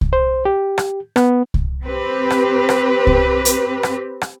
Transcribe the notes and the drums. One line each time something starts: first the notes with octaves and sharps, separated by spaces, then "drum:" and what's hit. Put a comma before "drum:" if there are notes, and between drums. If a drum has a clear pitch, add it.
drum: kick C2
C5
G4
drum: rim click
B3, drum: rim click
drum: kick C2
C4 G4 B4
drum: rim click
drum: rim click
drum: kick C2
drum: hi-hat
drum: rim click
drum: rim click